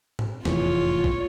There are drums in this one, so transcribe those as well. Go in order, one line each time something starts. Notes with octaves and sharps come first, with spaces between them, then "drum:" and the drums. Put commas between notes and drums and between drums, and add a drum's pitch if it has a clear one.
drum: tom G#2
F1 E2 A2 F4 C#5, drum: snare
drum: kick A#1